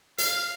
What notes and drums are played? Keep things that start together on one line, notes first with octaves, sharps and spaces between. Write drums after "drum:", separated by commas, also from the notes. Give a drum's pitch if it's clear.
F5, drum: hi-hat